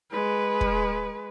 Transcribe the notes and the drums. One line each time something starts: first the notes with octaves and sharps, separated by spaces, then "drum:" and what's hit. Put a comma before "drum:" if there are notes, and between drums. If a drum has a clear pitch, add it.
G#3 B4
drum: kick